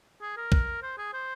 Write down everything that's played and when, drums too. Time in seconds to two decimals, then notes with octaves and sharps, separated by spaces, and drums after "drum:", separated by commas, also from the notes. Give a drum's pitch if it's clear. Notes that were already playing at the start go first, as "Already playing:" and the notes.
0.21 G#4
0.37 A#4
0.52 drum: kick
0.82 C5
0.98 G#4
1.13 C5